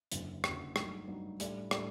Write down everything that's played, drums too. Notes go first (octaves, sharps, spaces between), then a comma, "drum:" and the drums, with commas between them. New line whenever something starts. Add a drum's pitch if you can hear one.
F#1 F#2 D3 F#3, drum: hi-hat
F#1 F#2 D3 F#3, drum: rim click
G2 F#3 A3 D#4, drum: rim click
G2 F#3 A3 D#4
A2 G3 D4 A4 D5, drum: hi-hat
A2 G3 D4 A4, drum: rim click